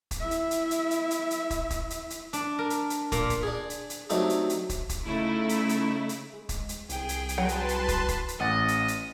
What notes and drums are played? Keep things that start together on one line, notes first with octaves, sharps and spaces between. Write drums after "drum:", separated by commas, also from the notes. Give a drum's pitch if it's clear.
drum: kick, hi-hat
E4 E5
drum: hi-hat
drum: hi-hat
drum: hi-hat
drum: hi-hat
drum: hi-hat
drum: hi-hat
drum: kick, hi-hat
drum: kick, hi-hat
drum: hi-hat
drum: hi-hat
D4, drum: hi-hat
A#4
drum: hi-hat
drum: hi-hat
A#2, drum: kick, hi-hat
drum: kick, hi-hat
D4 G#4
drum: hi-hat
drum: hi-hat
C3 F#3 A3 D4 D#4, drum: hi-hat
drum: hi-hat
drum: hi-hat
drum: kick, hi-hat
drum: kick, hi-hat
C#3 A3 D#4 E4
drum: hi-hat
drum: hi-hat
drum: hi-hat
G#3
drum: kick, hi-hat
drum: hi-hat
C2 G#4 G5 G#5, drum: hi-hat
drum: hi-hat
drum: hi-hat
F#3 B4 A5 C6
drum: hi-hat
drum: hi-hat
drum: kick, hi-hat
drum: kick, hi-hat
drum: hi-hat
A1 D#5 F#5 A6
drum: hi-hat
drum: hi-hat